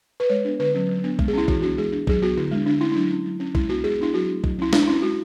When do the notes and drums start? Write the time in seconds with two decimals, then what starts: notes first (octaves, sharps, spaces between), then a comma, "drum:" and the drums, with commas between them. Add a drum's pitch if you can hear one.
0.20 B4
0.29 G#3 C#5
0.45 B3 D4
0.60 D3 B4
0.75 F#3 C#4
0.89 F#3
1.04 B3 D4
1.19 G#3, drum: kick
1.28 G#4
1.33 C#4 E4
1.48 E3 F#4, drum: kick
1.62 B3 D4 F#4
1.77 G#3 G#4
1.92 D4
2.07 F#3 G#4, drum: kick
2.22 B3 D4 F#4
2.37 D3 E4
2.51 G#3 D4
2.66 D3 D4
2.81 A3 C#4 E4
2.92 E4
2.96 F#3 D4
3.10 C#4
3.25 F#3
3.40 C#4
3.55 G#3 E4, drum: kick
3.69 B3 D4 F#4
3.84 G#3 G#4
3.99 B3 D4 E4
4.14 F#3 F#4
4.28 A3 D4
4.44 F#3, drum: kick
4.59 C#4 E4
4.73 G#3 D4, drum: snare
4.88 C#4 E4
5.02 G#3 F#4